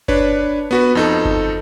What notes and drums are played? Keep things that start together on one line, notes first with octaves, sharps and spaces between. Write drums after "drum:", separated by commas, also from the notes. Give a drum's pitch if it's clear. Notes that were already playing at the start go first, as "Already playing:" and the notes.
D4 B4 C#5, drum: kick G1
B3 F#4 B4
F2 D#4 A4
drum: kick G1